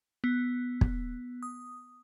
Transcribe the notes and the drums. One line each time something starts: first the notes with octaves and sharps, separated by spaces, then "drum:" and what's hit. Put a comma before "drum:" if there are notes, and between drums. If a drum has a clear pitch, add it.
B3
drum: kick
D#6